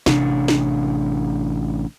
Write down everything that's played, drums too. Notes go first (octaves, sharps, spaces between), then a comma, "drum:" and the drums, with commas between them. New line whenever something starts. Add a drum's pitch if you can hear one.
A1 C3 C4 D4, drum: snare
drum: snare